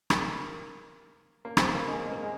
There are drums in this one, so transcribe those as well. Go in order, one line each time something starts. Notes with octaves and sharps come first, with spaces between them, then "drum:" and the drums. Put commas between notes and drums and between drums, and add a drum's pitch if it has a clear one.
A#3, drum: rim click
A#3
C4, drum: rim click
A#3
G#3
A#3
G#3
A#3
G#3